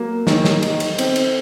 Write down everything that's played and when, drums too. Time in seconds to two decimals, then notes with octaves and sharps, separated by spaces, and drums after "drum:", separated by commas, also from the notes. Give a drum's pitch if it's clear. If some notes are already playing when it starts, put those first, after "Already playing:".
Already playing: F#3 A#3
0.27 D#3, drum: snare
0.45 drum: snare
0.63 D#4, drum: cymbal
0.80 drum: cymbal
0.98 C4, drum: cymbal
1.16 drum: cymbal